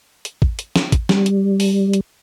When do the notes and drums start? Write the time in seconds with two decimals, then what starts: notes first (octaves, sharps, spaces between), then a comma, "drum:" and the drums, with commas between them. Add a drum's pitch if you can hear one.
0.25 drum: hi-hat
0.42 drum: kick
0.59 drum: hi-hat
0.76 drum: snare
0.92 drum: kick, hi-hat
1.09 G3, drum: snare
1.26 drum: hi-hat
1.60 drum: open hi-hat
1.93 drum: hi-hat